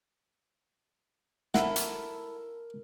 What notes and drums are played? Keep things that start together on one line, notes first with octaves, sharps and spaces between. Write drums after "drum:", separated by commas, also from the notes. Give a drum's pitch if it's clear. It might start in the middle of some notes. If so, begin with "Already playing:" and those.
E4 A4 A#4 F#5, drum: snare
drum: hi-hat